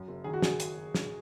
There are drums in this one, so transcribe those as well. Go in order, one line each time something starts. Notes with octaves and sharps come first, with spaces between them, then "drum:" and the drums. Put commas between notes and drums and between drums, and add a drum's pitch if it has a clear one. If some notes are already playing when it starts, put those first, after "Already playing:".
Already playing: F#2
F#1
D#3 G#4
F#4
G#4, drum: snare
drum: hi-hat
drum: snare